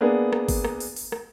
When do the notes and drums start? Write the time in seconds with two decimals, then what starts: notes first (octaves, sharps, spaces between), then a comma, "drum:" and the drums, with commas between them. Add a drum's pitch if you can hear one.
0.01 A#3 B3 D4 G#4
0.33 drum: rim click
0.48 drum: kick G1, open hi-hat
0.64 drum: rim click
0.80 drum: open hi-hat
0.96 drum: open hi-hat
1.12 drum: rim click